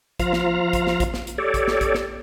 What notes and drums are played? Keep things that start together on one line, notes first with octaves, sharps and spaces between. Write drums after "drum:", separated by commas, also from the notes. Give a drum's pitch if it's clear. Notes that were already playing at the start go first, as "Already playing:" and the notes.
F3 F4 F5 A#5, drum: kick A#1, hi-hat
drum: snare
drum: kick A#1, hi-hat
drum: snare
drum: kick A#1, hi-hat
drum: snare
drum: hi-hat
G4 A4 C#5 D5
drum: kick A#1, hi-hat
drum: snare
drum: kick A#1, hi-hat
drum: snare